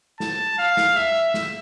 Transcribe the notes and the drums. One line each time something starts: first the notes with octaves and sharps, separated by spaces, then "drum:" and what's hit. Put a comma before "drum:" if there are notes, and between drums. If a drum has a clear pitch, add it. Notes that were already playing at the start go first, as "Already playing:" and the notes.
A5, drum: snare
F5
drum: snare
E5
drum: snare